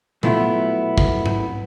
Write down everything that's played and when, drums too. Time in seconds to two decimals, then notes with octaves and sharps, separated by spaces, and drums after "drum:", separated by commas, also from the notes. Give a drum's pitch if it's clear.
0.23 F#3 A3 B3 E4 F4, drum: tom A#2
0.98 drum: kick
1.26 drum: tom G#2